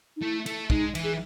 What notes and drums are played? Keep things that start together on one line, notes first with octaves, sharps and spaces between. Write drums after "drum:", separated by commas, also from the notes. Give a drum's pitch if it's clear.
D#4
A3 E4
A3, drum: cymbal
G#3 D#4, drum: kick
E3, drum: cymbal
G#4